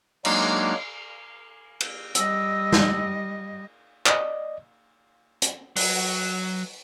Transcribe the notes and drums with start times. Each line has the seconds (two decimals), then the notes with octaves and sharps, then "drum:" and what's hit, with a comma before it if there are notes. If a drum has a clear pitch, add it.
0.25 F#3 G#3 A#3 D4 D#4, drum: cymbal
1.80 drum: cymbal
2.15 G3 D#5 E6, drum: hi-hat
2.72 drum: snare
4.06 D5 D#5, drum: clap
5.42 drum: hi-hat
5.76 F#3, drum: open hi-hat